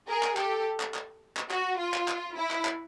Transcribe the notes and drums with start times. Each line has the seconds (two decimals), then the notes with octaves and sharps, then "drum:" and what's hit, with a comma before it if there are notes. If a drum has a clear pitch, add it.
0.08 G#4 A#4
0.23 drum: clap
0.37 G4 A4, drum: clap
0.80 drum: clap
0.94 drum: clap
1.37 drum: clap
1.51 F#4, drum: clap
1.80 F4
1.94 drum: clap
2.08 drum: clap
2.37 E4
2.51 drum: clap
2.65 drum: clap